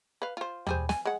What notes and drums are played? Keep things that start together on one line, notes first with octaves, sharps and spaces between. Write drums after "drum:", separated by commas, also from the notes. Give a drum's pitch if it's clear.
B4 F5
F4 C5
G3 G#4 C5, drum: tom D#2
G#5, drum: snare
G#3 F#5